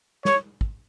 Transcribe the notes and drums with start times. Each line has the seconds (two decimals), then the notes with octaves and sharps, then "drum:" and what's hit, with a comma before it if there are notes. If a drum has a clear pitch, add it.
0.25 C#5, drum: snare
0.61 drum: kick